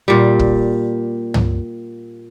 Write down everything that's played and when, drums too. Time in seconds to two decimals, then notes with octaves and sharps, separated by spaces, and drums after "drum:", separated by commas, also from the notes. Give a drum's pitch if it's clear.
0.08 A#2 G3
0.39 drum: kick
1.34 drum: tom